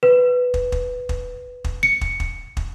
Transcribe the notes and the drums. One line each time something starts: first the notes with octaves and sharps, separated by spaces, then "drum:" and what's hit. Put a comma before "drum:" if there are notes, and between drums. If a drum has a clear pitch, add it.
B4
drum: kick
drum: kick
drum: kick
drum: kick
C#7
drum: kick
drum: kick
drum: kick